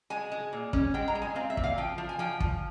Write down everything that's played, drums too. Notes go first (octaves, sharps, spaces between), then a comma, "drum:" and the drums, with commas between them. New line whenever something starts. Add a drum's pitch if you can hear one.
G#3 G#5
G#3
A#2
C#4, drum: kick
G#3 G5
A#5
G#3
G#5
C4 F5
E5
A#2, drum: kick
F5
F3 G5
F3
G#5
F3 G5
F3, drum: kick